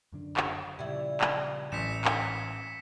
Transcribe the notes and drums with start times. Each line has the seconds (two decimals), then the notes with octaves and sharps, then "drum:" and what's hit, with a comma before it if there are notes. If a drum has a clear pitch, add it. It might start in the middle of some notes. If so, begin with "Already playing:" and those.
0.12 F#2 D3 D4
0.37 drum: clap
0.79 A#2 C#3 F3 G3 E4 G#6
1.21 drum: clap
1.72 A1 G#2 B6 C#7 E7
2.05 drum: clap